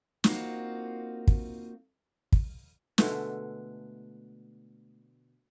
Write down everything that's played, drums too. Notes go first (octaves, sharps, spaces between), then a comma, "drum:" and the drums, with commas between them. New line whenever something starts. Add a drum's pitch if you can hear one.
A#3 C4 D#4 F4 F#4, drum: snare
drum: kick
drum: kick
B2 D3 G#3 A3, drum: snare